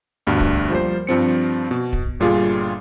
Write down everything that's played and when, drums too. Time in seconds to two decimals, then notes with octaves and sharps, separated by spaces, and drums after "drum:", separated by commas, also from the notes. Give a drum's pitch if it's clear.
0.27 D2 G2 B2
0.40 drum: kick
0.70 F3 G3 A#3 C5
1.07 G2 F3 C4 C#7
1.71 B2
1.93 drum: kick
2.20 G1 A#2 G3 F4 G#4